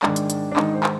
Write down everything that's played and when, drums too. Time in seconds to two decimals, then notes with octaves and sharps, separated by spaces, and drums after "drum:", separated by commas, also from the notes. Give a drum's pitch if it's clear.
0.03 G#2 D#3 D4, drum: clap
0.16 drum: hi-hat
0.30 drum: hi-hat
0.52 D4
0.56 G#2 D#3 D#4, drum: clap
0.74 C5
0.83 drum: clap